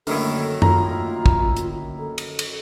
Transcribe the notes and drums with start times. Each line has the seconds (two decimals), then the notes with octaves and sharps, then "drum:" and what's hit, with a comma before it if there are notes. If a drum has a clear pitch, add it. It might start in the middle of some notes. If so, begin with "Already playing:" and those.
0.07 F#2 D3 D#3 A3 A#3 E4 A4, drum: open hi-hat
0.62 F4 A#5, drum: tom F#2
1.26 drum: kick
1.57 drum: hi-hat
1.98 A4
2.18 drum: cymbal
2.39 drum: cymbal